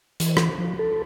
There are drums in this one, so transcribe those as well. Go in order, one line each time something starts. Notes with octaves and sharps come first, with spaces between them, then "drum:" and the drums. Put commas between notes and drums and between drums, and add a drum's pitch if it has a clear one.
E3, drum: hi-hat
drum: rim click
F3
A4